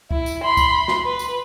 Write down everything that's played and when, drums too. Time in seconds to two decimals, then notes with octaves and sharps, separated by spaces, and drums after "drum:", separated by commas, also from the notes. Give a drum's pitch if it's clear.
0.11 E4, drum: kick C#2
0.26 drum: tambourine
0.44 B5 C6
0.57 drum: kick C#2, tambourine
0.88 drum: snare
1.05 B4
1.19 drum: tambourine